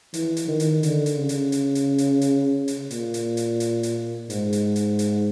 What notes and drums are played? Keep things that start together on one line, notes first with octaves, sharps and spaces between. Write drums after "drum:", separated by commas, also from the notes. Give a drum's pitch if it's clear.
E3, drum: hi-hat
drum: hi-hat
D#3
drum: hi-hat
D3, drum: hi-hat
drum: hi-hat
C#3
drum: hi-hat
drum: hi-hat
drum: hi-hat
drum: hi-hat
drum: hi-hat
drum: hi-hat
A#2, drum: hi-hat
drum: hi-hat
drum: hi-hat
drum: hi-hat
drum: hi-hat
G#2, drum: hi-hat
drum: hi-hat
drum: hi-hat
drum: hi-hat